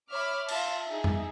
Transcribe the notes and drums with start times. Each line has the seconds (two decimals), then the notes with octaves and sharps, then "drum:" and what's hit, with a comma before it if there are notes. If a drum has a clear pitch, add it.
0.10 C#5 E5 B5 D6 F6
0.48 F4 E5 A5, drum: cymbal
0.86 D#4 G#4 E5
1.04 drum: tom F2